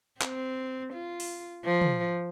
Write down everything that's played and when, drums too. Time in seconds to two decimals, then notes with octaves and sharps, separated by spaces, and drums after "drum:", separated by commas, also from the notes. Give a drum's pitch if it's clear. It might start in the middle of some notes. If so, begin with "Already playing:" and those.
0.21 C4, drum: clap
0.93 F4
1.20 drum: open hi-hat
1.65 F3
1.81 drum: tom